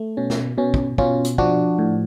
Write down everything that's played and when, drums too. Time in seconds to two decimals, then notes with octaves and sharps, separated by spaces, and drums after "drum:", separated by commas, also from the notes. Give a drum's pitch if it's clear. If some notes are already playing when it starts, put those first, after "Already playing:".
Already playing: A3
0.17 B2 C#4
0.30 drum: snare
0.58 B2 C#4
0.74 drum: kick
0.98 B2 C#4 F4, drum: kick
1.25 drum: hi-hat
1.38 F3 D4 F#4, drum: kick
1.79 A2